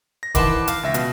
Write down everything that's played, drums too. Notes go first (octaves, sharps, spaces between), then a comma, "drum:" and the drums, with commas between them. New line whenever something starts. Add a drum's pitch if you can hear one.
A#6
D#3 E3 B4 C5 F#5 A5 D6, drum: kick, hi-hat
F5, drum: hi-hat
C#2 E5 A#6
B2, drum: hi-hat